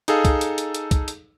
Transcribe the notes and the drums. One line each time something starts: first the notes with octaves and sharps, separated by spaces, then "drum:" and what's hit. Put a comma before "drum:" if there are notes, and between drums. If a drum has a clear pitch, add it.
D#4 G#4 A4 F5, drum: hi-hat
drum: kick C2, hi-hat
drum: hi-hat
drum: hi-hat
drum: hi-hat
drum: kick C2, hi-hat
drum: hi-hat